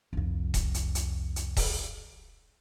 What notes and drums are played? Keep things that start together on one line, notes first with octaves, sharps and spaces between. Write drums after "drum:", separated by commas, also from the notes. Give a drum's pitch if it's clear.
C2 F2
drum: kick D#1, hi-hat
drum: hi-hat
drum: hi-hat
drum: hi-hat
drum: kick D#1, open hi-hat